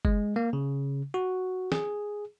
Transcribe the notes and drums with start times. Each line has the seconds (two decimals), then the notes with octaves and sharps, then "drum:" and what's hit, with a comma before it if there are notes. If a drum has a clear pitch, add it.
0.05 G#3, drum: kick F#1
0.36 A#3
0.53 C#3
1.14 F#4
1.72 G#4, drum: snare